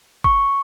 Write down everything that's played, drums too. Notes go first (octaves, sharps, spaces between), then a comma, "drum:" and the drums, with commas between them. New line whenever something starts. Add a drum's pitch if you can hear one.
C#6, drum: kick G1